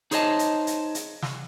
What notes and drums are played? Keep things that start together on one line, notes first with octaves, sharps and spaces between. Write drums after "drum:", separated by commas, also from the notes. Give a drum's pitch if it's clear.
D#4 G#4 C5 C#5 D#5 A5, drum: hi-hat
drum: hi-hat
drum: hi-hat
drum: hi-hat
drum: snare